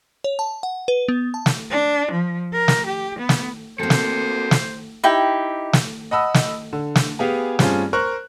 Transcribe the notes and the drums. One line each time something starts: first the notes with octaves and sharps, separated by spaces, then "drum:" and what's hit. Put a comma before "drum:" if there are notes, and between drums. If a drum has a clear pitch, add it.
C#5
A5
F#5
B4
B3
A5
drum: snare
D4
F3
A#4
drum: snare
G4
B3
drum: snare
A#3 C4 F#4 A4 C5
drum: snare
drum: snare
D#4 E4 G4 G5
drum: snare
D#5 F#5 A5 B5 D#6 E6
drum: snare
D3
drum: snare
B3 G4 G#4 F5 G#5
G2 C4 C#4 F4 G#4, drum: snare
A#4 C5 C#6 F#6